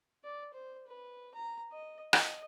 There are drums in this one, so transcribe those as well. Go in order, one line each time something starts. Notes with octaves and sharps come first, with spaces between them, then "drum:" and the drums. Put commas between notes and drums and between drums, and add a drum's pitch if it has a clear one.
D5
C5
B4
A#5
D#5
D#5, drum: rim click